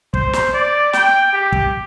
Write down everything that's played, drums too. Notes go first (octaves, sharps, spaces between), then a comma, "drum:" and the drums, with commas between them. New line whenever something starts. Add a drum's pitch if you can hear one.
C5, drum: kick
drum: snare
D5
G5, drum: snare
G4
drum: kick